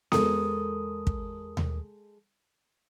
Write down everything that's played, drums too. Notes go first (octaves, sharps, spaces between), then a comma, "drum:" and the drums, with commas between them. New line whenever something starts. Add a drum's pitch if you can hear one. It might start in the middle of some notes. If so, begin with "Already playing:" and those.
E2 G#3 A4 A#4 A5 D#6, drum: snare B3
drum: kick
drum: tom D#2